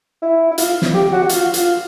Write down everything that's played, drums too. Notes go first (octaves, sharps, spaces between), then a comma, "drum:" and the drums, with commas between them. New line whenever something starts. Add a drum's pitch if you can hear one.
E4
E4
F4, drum: hi-hat
drum: snare
G4
F#4
F#4
F4, drum: hi-hat
F4, drum: hi-hat